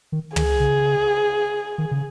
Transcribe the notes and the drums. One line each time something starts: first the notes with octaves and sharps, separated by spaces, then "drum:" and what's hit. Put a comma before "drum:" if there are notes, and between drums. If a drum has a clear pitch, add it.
D#3
D#3 G#4, drum: tom
C#3
D#3
C#3